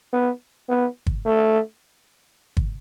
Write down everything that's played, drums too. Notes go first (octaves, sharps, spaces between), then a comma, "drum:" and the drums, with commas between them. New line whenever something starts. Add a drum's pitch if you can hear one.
B3
B3
drum: kick
A3
drum: kick